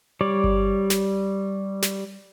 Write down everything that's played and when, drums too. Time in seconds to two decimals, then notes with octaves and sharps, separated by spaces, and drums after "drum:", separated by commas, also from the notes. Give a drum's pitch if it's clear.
0.21 G3 C#5 D5
0.44 drum: kick G1
0.90 drum: snare
1.82 drum: snare